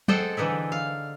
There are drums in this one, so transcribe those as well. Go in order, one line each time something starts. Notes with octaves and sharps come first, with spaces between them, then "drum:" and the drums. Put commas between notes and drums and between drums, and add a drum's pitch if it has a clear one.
G#4 A4 C5 D#5 F#5 G5, drum: tom F#3
D3 E3 D#4 E4
F5